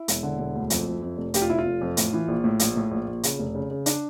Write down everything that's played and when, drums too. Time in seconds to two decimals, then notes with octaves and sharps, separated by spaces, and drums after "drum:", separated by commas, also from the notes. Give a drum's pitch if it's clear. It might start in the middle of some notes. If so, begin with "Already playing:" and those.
Already playing: E4
0.08 E1, drum: hi-hat
0.23 D3
0.39 E1
0.55 D2
0.70 F2, drum: hi-hat
0.87 F2
1.02 F2
1.17 F1
1.34 F1 G4, drum: hi-hat
1.42 F4
1.50 F1 E4
1.58 F4
1.65 F1
1.81 F2
1.97 A2, drum: hi-hat
2.13 E3
2.28 A#1
2.44 A2
2.59 A#1, drum: hi-hat
2.76 A2
2.91 A#1
3.07 A#1
3.23 C#3, drum: hi-hat
3.39 F1
3.55 C#3
3.71 C#3
3.86 D4, drum: hi-hat